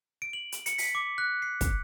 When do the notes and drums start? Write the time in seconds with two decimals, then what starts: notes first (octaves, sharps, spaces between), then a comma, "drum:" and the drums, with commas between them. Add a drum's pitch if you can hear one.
0.22 D7
0.33 F#7
0.52 drum: hi-hat
0.66 C#7, drum: hi-hat
0.78 B6, drum: open hi-hat
0.95 D6
1.18 F#6
1.42 C7
1.61 drum: kick, hi-hat